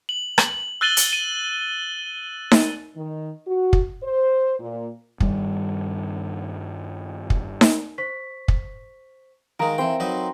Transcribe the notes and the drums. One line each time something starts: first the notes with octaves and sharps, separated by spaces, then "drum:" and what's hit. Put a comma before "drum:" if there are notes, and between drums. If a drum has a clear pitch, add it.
F#7
drum: rim click
E6 F#6 A6 D#7 F#7 G7
drum: hi-hat
D#7
drum: snare D#4
D#3
F#4
drum: kick
C5
A#2
G2 D#3 G3, drum: kick
drum: kick
drum: snare D#4
C5 C#6 B6
drum: kick
D#3 G#3 A#4 F5 A#5 D7
E3 C4 C5 G5
F#3 D#4 B4